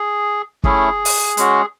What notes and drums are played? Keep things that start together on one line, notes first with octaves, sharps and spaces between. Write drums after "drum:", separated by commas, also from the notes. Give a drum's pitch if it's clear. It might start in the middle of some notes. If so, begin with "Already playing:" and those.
Already playing: G#4
A3 C#4 E4 G#4, drum: kick
drum: open hi-hat
G#3 C#4 F#4, drum: hi-hat